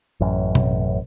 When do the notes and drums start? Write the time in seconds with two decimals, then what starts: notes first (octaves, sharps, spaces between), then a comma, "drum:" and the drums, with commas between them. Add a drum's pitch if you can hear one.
0.20 A1 F#2
0.55 drum: tom B2